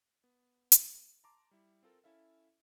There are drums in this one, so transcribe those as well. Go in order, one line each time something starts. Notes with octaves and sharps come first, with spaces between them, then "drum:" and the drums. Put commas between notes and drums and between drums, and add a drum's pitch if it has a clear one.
B3
drum: hi-hat
A5 A#5 C6 D6
G3 E4
C4 F4 A4 A#4
C#4 E4 A4 E5 F5